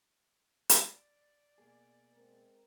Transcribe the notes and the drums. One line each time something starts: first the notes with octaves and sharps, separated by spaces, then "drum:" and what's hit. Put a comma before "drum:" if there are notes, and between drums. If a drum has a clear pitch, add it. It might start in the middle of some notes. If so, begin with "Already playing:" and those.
D5, drum: hi-hat
B2 A#3 G#4
G#3 C4 A#4